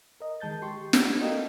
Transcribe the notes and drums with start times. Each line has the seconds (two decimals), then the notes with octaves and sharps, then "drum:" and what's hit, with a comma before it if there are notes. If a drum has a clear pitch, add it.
0.20 A#4 D#5
0.40 D#3 G#3 A5 G6 A6
0.62 G4 C6 C#6
0.93 D4 F6 G#6, drum: snare
1.20 F#4 A4 A#4 D#5 F5 G5